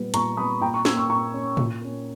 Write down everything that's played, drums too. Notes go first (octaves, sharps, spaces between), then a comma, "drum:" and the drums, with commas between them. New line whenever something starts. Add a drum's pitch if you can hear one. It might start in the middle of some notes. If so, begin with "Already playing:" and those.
Already playing: A#2 G3 B3
A#2 A#5 C#6, drum: hi-hat
G3 B3 B5 D#6
A#2 G5 A#5
A#5 C#6
A#3 C#4 E6 G#6, drum: snare
C#6 E6
A#2 A#5 C#6
A#3 C#4
A#2, drum: tom A2
A#3 C#4